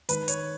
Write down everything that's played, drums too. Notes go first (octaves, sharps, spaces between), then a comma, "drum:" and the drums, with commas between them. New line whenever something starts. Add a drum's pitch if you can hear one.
D#3 G#3 D#4 B4, drum: hi-hat
C#5, drum: hi-hat